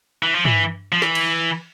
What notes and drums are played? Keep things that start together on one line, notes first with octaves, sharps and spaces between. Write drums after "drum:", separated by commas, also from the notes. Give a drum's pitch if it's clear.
E3
F3
E3, drum: tom
F3
E3, drum: snare
drum: cymbal